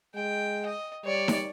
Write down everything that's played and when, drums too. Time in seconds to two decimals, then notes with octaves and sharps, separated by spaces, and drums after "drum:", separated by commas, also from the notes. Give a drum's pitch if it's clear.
0.15 G#3 G5
0.66 D#5
1.05 G3 C#5 D5
1.28 drum: snare D#4